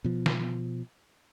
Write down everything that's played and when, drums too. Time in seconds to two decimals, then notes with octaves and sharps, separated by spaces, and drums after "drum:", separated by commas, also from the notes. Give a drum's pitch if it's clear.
0.04 B2 F3
0.26 drum: snare